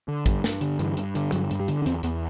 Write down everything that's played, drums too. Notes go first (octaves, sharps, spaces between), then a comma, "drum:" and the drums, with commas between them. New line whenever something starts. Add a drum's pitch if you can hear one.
D3
G2, drum: kick, hi-hat
G2, drum: snare
D3, drum: hi-hat
G2 E3, drum: hi-hat
G2, drum: hi-hat
D3, drum: hi-hat
G2 F#3, drum: hi-hat
G2, drum: hi-hat
G3
D3, drum: hi-hat
D4
E2 C4, drum: hi-hat
E2 B3, drum: hi-hat